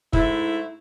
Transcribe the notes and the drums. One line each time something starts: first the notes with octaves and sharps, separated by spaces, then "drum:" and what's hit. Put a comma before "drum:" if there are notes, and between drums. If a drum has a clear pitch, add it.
G#2 A3 E4, drum: kick